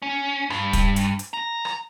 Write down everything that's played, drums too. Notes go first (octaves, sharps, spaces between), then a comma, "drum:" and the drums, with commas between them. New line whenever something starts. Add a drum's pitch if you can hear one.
C#4
G2, drum: rim click
drum: kick, hi-hat
drum: hi-hat
drum: hi-hat
A#5
drum: rim click